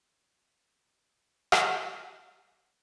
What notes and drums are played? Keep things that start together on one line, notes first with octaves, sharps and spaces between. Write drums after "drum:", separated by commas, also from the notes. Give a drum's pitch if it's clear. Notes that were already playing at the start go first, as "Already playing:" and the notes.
G2
G#2
C#4
drum: rim click
G2
D#3